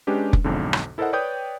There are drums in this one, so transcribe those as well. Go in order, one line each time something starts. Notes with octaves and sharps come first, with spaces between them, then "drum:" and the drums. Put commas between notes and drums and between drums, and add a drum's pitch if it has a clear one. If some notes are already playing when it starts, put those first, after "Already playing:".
G#3 C#4 D4 G4 B4
drum: kick F1
B1 F2 G#2 D3
drum: rim click
E4 A4 A#4 C5 D#5 F#5
B4 C#5 D5 G5 D#6 G6